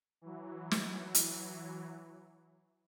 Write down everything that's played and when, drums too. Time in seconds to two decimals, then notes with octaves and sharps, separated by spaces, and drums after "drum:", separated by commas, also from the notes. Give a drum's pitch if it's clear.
0.21 E3 F#3
0.71 drum: snare
1.15 drum: hi-hat